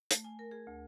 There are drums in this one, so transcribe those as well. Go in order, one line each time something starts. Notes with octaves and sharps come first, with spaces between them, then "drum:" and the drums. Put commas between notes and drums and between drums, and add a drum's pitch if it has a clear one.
A3, drum: hi-hat
G#5
A#4
G#4
D2